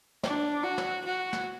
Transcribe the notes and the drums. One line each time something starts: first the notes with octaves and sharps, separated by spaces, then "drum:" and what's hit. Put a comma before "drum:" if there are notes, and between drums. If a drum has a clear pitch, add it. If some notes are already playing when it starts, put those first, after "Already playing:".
D4, drum: snare
F#4
drum: snare
F#4
drum: snare